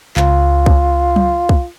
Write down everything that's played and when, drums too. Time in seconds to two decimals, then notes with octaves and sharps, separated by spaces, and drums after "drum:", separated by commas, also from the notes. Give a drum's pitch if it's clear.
0.17 C#2 F4, drum: clap
0.66 drum: kick
1.16 drum: tom F#3
1.49 drum: kick